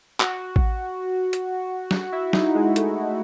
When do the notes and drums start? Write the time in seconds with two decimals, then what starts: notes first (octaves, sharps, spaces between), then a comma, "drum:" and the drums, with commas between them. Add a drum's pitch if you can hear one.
0.20 F#4, drum: clap
0.56 drum: kick A1
1.33 drum: hi-hat
1.91 F#4, drum: snare
2.12 E4
2.33 D#4, drum: snare
2.55 G#3
2.76 A3, drum: hi-hat